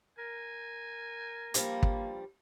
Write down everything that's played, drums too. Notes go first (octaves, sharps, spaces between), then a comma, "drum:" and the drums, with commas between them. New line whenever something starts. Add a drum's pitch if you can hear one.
A#4 G#5
G2 F3 G3 A#3, drum: hi-hat
drum: kick